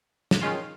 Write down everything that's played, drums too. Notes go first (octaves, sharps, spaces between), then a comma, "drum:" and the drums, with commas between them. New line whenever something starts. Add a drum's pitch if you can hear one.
drum: snare
D#3 G#3 C#4 F4